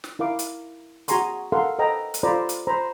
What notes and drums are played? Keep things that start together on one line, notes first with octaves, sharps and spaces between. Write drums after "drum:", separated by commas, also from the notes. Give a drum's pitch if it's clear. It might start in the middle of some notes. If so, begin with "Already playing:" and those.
drum: snare
E4 A#4 F5 D6
drum: hi-hat
F#4 G#4 G#5 A#5 C6 C#6, drum: hi-hat
A4 A#4 F5 F#5 C6
A4 B4 C5 D#5 G5 A#5
drum: hi-hat
F4 A4 C5 D5 A#5 B5
drum: hi-hat
C5 A#5 B5